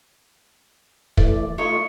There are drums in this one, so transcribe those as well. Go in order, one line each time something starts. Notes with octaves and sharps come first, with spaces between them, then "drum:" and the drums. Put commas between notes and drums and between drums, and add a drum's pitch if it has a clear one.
E3 A3 D5, drum: kick
A3 D#4 F4 C#5 D#5 C#6